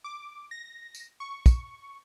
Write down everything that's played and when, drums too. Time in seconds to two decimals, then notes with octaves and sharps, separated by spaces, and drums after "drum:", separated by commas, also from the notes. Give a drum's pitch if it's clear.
0.04 D6
0.51 A#6
0.95 drum: tambourine
1.20 C#6
1.46 drum: kick, tambourine